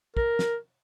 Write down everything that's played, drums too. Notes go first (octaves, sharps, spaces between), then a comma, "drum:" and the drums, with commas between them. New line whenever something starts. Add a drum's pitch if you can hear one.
A#4, drum: kick
drum: snare